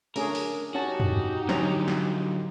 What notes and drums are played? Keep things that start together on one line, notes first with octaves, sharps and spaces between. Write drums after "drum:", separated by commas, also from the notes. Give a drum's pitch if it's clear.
A3 C#4 D4 G#4 A#4, drum: open hi-hat
drum: open hi-hat
C#4 D#4 F#4 G4 A5
drum: tom
D3 F#3 C#4 C5 A#5, drum: snare
drum: snare